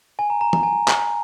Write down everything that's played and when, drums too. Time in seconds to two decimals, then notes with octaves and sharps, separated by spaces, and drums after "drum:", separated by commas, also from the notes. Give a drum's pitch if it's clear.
0.19 G#5
0.30 A#5
0.41 A#5
0.53 A#5, drum: tom E3
0.63 G#5
0.88 drum: clap